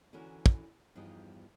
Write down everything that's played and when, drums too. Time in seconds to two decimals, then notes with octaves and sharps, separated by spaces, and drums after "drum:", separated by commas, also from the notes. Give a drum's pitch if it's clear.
0.13 D3 E3 C#4 F#4 A#4
0.46 drum: kick
0.95 E2 G2 F3 G3 D#4 D#5